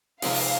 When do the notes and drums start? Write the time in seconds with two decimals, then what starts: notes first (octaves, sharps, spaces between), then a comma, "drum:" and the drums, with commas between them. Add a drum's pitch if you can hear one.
0.22 C3 F3 G#3 C4 D#4 F5, drum: open hi-hat